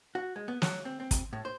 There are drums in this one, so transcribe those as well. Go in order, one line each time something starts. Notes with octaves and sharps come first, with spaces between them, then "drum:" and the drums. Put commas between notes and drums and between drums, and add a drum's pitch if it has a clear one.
F#4
G#3
B3
F#3, drum: snare
C4
C4
drum: kick, hi-hat
A2
C5